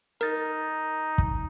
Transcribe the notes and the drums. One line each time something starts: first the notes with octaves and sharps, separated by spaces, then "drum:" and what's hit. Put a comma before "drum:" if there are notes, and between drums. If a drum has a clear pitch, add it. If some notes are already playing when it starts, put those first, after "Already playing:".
D#4 A#4 A6
drum: kick